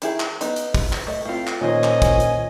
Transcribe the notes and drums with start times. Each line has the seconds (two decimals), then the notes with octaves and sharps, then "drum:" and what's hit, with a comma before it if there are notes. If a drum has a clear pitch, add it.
0.02 D#3 E4 G#4, drum: hi-hat
0.20 drum: clap
0.41 B3 D#4 B4, drum: hi-hat
0.56 drum: hi-hat
0.75 drum: kick, open hi-hat
0.93 drum: clap
1.07 A3 D#5
1.25 A2 A3 C4 F4 F5
1.47 drum: clap
1.61 A#2 D#3 C#4 C5 D#5 G#5
1.84 drum: clap
2.02 drum: kick, hi-hat
2.20 drum: hi-hat